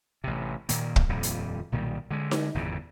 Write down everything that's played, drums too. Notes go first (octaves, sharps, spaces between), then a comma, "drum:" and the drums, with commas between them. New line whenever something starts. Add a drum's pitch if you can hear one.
A1 C3
A#2 D#3 A#3, drum: hi-hat
drum: kick
D#1 F2 A#2 G3
drum: hi-hat
B1 A#2 D#3 G3
D3 G#3
drum: snare D#4
G1 E2 A2 C#3